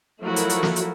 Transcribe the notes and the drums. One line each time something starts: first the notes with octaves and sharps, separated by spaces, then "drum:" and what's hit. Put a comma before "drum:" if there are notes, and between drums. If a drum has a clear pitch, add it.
F3 F#3 A3 E4 F#4 A#4
drum: hi-hat
drum: hi-hat
drum: snare
drum: hi-hat